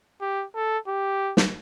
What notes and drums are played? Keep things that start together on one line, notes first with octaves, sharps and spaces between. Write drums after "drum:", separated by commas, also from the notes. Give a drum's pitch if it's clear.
G4
A4
G4
drum: snare